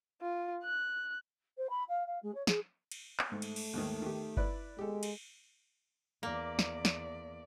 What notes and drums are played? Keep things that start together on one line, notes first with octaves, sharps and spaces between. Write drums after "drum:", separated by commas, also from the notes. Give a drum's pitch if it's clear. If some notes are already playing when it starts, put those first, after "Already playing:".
F4
F#6
C5
B5
F5
F5
G#3
C#5
G#4, drum: snare
drum: cymbal
drum: clap
G#2 A3
drum: cymbal
drum: cymbal
D#2 G#2 D#3
D#3 G4
E4 B4 D5, drum: kick G1
G#3 G4 A4
drum: cymbal
E2 A#3 D5
drum: snare
drum: snare